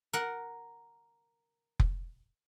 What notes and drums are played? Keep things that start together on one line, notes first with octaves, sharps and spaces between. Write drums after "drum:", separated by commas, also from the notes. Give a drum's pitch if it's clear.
A#4 F#5
drum: kick F1